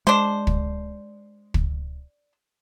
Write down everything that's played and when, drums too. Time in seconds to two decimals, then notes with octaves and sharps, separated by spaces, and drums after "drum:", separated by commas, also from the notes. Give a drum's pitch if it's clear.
0.07 G#3 D4 C5
0.47 drum: kick
1.54 drum: kick